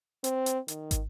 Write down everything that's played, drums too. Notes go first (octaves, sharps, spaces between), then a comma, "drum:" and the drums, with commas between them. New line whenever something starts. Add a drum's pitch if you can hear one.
C4, drum: hi-hat
drum: hi-hat
D#3, drum: hi-hat
drum: kick, hi-hat